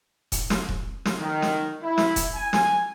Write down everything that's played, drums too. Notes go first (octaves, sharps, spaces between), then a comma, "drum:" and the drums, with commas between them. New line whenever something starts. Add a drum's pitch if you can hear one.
drum: kick E1, hi-hat
drum: snare
drum: kick E1
drum: snare
D#3
drum: snare
E4
drum: snare
drum: kick E1, hi-hat
G#5
drum: snare